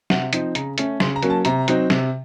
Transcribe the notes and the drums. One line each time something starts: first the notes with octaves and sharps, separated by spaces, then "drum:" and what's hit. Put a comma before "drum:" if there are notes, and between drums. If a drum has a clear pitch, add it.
C3 F#5, drum: snare
F3 C4 D#4, drum: hi-hat
C#3 A#5, drum: hi-hat
A3 C#4, drum: hi-hat
C#3 C6, drum: snare
A#5
F#3 A#3 C#4, drum: hi-hat
A5
C3 A#5, drum: hi-hat
F#3 C4 D#4, drum: hi-hat
C3, drum: snare